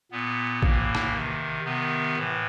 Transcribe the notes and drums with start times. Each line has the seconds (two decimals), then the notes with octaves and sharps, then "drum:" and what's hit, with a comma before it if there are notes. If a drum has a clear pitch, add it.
0.11 A#2 B3
0.62 A2 E3 A#3, drum: kick
0.95 drum: rim click
1.13 C3 D#3
1.64 C3 D#3 B3
2.15 A2 E3